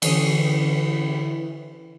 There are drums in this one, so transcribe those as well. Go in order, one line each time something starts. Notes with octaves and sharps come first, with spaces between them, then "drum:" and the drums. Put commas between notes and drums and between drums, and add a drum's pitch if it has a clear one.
D3 E3 C#4 D#6, drum: cymbal